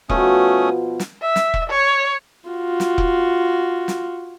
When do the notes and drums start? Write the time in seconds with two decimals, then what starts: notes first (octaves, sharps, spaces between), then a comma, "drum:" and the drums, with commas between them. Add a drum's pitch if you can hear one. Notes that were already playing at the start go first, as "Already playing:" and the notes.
0.09 B2 F3 A3 C#4 D#6, drum: kick E1
1.00 drum: snare
1.22 E5
1.36 drum: snare
1.54 drum: kick E1
1.70 C#5
2.49 F4 F#4
2.80 drum: snare
2.98 drum: kick E1
3.88 drum: snare